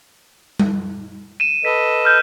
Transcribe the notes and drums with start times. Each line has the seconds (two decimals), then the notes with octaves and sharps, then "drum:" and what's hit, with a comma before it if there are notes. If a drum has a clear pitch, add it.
0.60 drum: tom G3
1.40 D#7 E7
1.65 A4 B4 D#5 B6
2.05 F6 G6